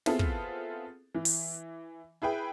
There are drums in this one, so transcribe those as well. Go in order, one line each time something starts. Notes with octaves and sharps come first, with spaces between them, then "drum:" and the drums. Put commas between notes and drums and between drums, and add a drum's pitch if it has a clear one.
B3 C4 E4 F4 G#4 A4, drum: snare
drum: kick
E3
drum: open hi-hat
E4 G#4 B4 G5